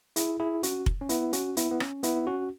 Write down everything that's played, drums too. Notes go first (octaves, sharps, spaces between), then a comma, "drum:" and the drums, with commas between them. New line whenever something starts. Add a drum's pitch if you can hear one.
E4 G#4, drum: hi-hat
E4 G#4
C#4 F#4, drum: hi-hat
drum: kick F1
C#4
B3 E4, drum: hi-hat
C#4 F#4, drum: hi-hat
B3 E4, drum: hi-hat
B3
C#4, drum: rim click
B3 E4, drum: hi-hat
C#4 F#4